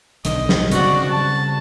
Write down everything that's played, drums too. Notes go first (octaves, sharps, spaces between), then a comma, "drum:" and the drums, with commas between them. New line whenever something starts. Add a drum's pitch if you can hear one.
B1 D3 D#3 D#5, drum: hi-hat
drum: snare
C#3 G3 C4 F#4 D5, drum: hi-hat
A5